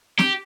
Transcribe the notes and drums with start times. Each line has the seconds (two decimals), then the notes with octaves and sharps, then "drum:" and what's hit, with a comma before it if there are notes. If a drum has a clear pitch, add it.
0.19 G4, drum: snare